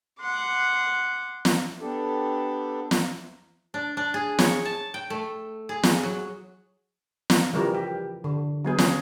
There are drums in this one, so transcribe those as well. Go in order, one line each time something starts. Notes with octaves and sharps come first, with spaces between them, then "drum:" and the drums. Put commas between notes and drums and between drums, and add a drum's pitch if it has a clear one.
F#5 C6 D6
drum: snare
B3 D4 G4 A4
drum: snare
D4
D4
G#4
C#5, drum: snare
A5
G5
A3
G#4
drum: snare
F#3
drum: snare
C#3 E3 F3 G3 A#4
G4
D3
F#3 B3 G#4
C#4, drum: snare